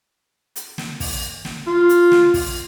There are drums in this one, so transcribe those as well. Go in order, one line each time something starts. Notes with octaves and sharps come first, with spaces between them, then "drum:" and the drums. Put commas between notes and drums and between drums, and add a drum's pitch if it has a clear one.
drum: hi-hat
drum: snare
drum: kick, open hi-hat
drum: snare
F4
drum: hi-hat
drum: snare
drum: kick, open hi-hat